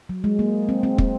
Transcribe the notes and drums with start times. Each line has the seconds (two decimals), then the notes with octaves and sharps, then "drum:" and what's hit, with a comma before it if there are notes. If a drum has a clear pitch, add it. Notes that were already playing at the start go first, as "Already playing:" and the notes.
0.09 F#3
0.24 G#3
0.39 A#3
0.69 C4
0.83 C4
0.98 C4, drum: kick